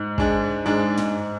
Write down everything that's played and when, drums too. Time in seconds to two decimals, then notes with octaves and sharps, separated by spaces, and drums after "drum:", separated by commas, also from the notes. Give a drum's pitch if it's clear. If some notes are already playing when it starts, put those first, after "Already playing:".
Already playing: G#2
0.18 G#3 D4 G#4, drum: kick
0.66 G#2 G#3 D4 G#4
0.97 drum: tom